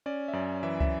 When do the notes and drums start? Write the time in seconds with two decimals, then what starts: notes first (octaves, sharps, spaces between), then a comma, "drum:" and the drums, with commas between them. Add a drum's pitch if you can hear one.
0.06 C#4 D5
0.28 E5
0.33 F#2 D5
0.63 E3 E5
0.80 E5, drum: kick